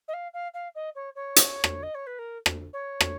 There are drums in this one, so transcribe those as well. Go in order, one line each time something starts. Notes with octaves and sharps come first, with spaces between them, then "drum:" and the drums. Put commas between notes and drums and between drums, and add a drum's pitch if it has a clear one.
D#5
F5
F5
F5
D#5
C#5
C#5
drum: hi-hat
drum: rim click
D#5
C#5
B4
A#4
drum: rim click
C#5
drum: rim click